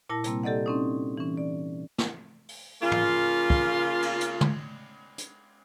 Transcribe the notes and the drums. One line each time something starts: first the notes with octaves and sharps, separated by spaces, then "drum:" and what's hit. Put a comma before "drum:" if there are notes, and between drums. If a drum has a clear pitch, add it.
A#2 E4 A#4 A5 A#6
C3 G3 A#3 C4, drum: hi-hat
G4 A4 D5 D#5 F#5
C4 C#4 D#4
E3 C#4
D5
drum: snare
drum: open hi-hat
C#3 A#3 F4
drum: tom
drum: kick
drum: cymbal
drum: hi-hat
drum: tom
drum: hi-hat